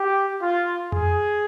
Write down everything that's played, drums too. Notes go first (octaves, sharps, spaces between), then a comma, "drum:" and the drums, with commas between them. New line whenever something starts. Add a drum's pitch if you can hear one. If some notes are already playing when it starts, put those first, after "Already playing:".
Already playing: G4
F4
G#4, drum: tom F2